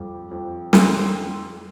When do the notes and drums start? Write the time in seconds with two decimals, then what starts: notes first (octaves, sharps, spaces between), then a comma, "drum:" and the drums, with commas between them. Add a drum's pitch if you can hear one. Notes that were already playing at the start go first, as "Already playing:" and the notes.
Already playing: F2 G3
0.31 F2
0.73 D3 C6 E6, drum: snare